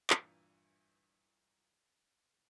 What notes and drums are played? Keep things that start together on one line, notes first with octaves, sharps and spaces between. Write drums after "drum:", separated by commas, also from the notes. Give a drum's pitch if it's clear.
G2 A#2 E3, drum: clap